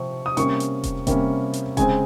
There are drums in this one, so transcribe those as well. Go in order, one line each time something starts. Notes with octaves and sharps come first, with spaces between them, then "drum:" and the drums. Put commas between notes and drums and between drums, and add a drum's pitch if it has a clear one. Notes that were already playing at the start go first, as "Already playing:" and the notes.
Already playing: C3 F3 C4 C#6
D#6
C3 G3 A#3 C#4 C#6, drum: hi-hat
drum: hi-hat
drum: kick E1, hi-hat
C3 G3 A#3 C#4, drum: kick E1, hi-hat
drum: hi-hat
C#3 G#3 C4 G#5, drum: kick E1, hi-hat